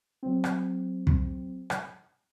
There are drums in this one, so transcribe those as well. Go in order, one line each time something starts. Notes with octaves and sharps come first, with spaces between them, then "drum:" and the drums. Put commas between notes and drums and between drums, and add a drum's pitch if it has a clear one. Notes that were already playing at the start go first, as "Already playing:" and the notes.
F#3 C4
drum: rim click
drum: kick
drum: rim click